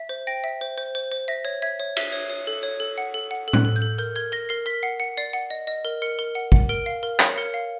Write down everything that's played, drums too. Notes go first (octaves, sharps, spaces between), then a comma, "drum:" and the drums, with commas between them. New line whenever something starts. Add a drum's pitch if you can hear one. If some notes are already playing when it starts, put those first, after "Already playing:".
Already playing: E5
C5
G5 A#6
E5
C5
C5
C5
C5
E5 A#6
C#5
E5 G#6
C#5
E5, drum: cymbal
C#5
C#5
A4
C#5
A4
F#5
A4
F#5
A4
F#6, drum: tom A2
A4
G6
A4
A#4 G6
A#4 G#6
A#4 A#6
A#4 C7
A#4 B6
F#5 C7
F#5 C#7
D5 C7
F#5
D#5
D#5
A#4
A#4 C#7
A#4
F#5
F#5, drum: kick A1
A#4 D7
F5
A#4
C#5, drum: clap
A#4 C#7
F5